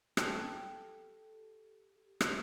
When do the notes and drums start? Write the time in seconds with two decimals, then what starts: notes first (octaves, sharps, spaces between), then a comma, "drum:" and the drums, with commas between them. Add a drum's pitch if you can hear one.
0.17 G4 A4, drum: rim click
2.21 drum: rim click